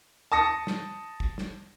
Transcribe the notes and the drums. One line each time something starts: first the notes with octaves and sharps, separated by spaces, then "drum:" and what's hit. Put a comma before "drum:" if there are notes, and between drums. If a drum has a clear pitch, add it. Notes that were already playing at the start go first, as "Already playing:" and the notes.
A5 D#6 A#6 C#7
drum: snare
drum: kick
drum: snare